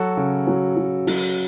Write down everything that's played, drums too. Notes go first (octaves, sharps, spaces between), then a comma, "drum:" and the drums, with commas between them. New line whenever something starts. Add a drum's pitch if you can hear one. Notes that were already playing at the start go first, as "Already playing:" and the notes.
Already playing: F#3 F#4 A4
C#3
F#3
F#3
F#3, drum: open hi-hat